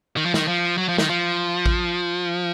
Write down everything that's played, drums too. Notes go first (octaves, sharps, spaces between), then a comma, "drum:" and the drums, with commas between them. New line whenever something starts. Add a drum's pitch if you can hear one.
D#3
F3
D#3, drum: snare
F3
F#3
F3
D#3, drum: snare
F3
drum: kick A1